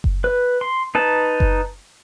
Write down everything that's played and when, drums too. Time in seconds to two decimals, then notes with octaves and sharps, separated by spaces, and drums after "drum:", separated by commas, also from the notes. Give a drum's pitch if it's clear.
0.04 drum: kick F#1
0.24 B4
0.61 C6
0.95 D#4 B4 A5
1.40 drum: kick F#1